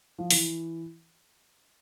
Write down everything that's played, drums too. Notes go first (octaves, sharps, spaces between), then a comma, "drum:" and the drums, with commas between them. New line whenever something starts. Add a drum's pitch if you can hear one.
F3
E3, drum: open hi-hat